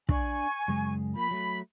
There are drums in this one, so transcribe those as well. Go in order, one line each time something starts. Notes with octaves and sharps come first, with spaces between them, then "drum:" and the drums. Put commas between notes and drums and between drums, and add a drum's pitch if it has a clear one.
D4 D5 G#5 C#6, drum: kick
F#2 C#3 G#3
F3 A#3 B5
F#3 A3